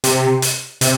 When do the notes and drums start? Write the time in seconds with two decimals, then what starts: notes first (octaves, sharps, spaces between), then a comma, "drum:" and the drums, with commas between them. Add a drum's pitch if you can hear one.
0.04 C3, drum: hi-hat
0.42 drum: hi-hat
0.81 C3, drum: hi-hat